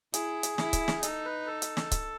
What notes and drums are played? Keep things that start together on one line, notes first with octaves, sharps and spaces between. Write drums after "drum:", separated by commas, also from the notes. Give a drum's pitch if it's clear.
E4 G#4, drum: hi-hat
drum: hi-hat
E4, drum: snare
drum: kick C#1, hi-hat
drum: snare
D#4 A4, drum: hi-hat
B4
A4
drum: hi-hat
drum: snare
drum: kick C#1, hi-hat